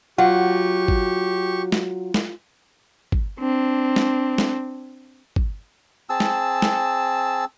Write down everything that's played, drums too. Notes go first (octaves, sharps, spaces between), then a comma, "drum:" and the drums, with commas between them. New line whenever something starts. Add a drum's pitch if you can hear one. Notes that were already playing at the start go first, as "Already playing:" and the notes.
F#3 F4 G4 F#5 C#6
drum: kick
drum: snare
drum: snare
drum: kick
C4 D4
drum: snare
drum: snare
drum: kick
C4 G#4 A5 E6
drum: snare
drum: snare